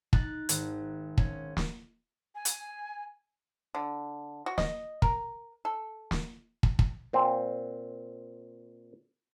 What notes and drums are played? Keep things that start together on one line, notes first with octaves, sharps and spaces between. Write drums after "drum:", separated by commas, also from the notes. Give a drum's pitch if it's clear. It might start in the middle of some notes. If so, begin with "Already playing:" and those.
D#4 F#6 A6, drum: kick
G#1, drum: hi-hat
C#4, drum: kick
drum: snare
G#5
drum: hi-hat
D3
F#4
D#5, drum: snare
A#4, drum: kick
A4
drum: snare
drum: kick
drum: kick
A#2 C4